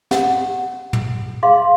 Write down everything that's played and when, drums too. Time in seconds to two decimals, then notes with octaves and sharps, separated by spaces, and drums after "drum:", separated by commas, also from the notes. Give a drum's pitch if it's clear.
0.11 G4 F#5, drum: snare
0.93 drum: tom
1.43 G#4 F5 C6